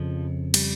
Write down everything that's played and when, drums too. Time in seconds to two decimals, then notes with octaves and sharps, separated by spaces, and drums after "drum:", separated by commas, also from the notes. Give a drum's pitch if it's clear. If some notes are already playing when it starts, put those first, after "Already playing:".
Already playing: F2 C#3 F3
0.54 G3, drum: cymbal